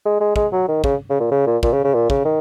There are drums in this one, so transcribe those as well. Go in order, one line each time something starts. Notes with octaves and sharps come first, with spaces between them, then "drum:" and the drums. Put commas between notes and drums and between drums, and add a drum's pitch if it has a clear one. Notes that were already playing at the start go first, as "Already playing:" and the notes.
G#3
G#3
G#3, drum: kick
F#3
D#3
C#3, drum: kick
C#3
A#2
C#3
A#2
A#2, drum: kick
C#3
C#3
A#2
C#3, drum: kick
D#3